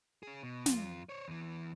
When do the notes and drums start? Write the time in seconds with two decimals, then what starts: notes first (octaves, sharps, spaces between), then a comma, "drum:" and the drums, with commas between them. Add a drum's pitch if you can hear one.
0.23 C#4 G#4
0.43 B2
0.66 F2 F4, drum: snare
1.09 C5 C#5
1.28 E2 E3